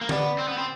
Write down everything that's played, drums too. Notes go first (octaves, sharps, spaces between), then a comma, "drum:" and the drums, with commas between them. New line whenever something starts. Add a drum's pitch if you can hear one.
A#3
B3 D5, drum: tom D3
C4
B3
C4